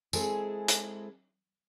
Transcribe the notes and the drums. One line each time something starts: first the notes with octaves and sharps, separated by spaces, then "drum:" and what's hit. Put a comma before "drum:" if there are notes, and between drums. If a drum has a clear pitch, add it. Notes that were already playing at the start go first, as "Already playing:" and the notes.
G#3 C4 E4 G#4 A4, drum: tambourine
drum: hi-hat